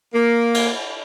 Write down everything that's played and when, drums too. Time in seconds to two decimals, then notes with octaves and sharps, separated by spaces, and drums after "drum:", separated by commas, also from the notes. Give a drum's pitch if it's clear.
0.14 A#3
0.54 drum: cymbal